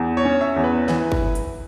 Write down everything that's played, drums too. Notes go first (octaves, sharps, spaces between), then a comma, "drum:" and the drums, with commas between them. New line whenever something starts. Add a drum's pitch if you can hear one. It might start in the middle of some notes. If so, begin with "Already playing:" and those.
Already playing: E2
C#5
C#4
E5
E2
B4
E3 B4, drum: snare
drum: kick
drum: hi-hat